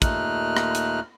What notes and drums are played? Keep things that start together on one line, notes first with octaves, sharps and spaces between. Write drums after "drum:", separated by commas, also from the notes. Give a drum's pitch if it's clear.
D#2 A#2 A3 D#4 F6 F#6, drum: kick, hi-hat
drum: rim click
drum: hi-hat